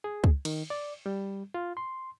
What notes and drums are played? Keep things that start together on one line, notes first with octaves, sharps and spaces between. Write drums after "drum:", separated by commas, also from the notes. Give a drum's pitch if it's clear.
G#4
drum: kick C#2
D#3, drum: cymbal
D5
G3
F4
C6